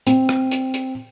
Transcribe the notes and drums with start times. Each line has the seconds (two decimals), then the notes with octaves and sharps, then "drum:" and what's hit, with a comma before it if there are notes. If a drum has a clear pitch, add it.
0.07 C4, drum: hi-hat
0.29 drum: rim click
0.51 drum: hi-hat
0.74 drum: hi-hat